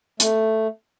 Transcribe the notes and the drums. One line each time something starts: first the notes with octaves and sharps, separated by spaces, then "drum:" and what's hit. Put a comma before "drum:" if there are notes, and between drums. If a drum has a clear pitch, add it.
A3, drum: hi-hat